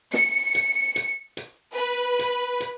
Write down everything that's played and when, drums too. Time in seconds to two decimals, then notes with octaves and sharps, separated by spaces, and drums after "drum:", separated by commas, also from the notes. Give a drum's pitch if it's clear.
0.14 C#7, drum: snare
0.55 drum: hi-hat
0.96 drum: hi-hat
1.37 drum: hi-hat
1.74 B4
2.19 drum: hi-hat
2.60 drum: hi-hat